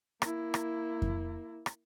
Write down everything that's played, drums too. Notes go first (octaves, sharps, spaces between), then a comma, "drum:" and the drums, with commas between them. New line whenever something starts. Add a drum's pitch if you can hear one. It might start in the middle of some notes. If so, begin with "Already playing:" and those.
A#3 E4, drum: rim click
drum: rim click
drum: kick F2
drum: rim click